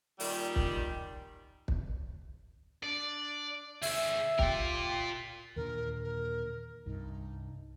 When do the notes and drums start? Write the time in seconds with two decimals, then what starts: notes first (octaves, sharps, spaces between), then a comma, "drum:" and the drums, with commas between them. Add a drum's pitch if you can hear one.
0.20 A#2 D#3 G3, drum: open hi-hat
0.56 drum: kick
1.68 drum: kick
2.84 D4 D5
3.82 D2 G#4 E5, drum: open hi-hat
4.39 F4 G4 A#4, drum: kick
5.56 D#2 A#2 D3 A#4
6.04 A#4
6.86 C2 G2 D#4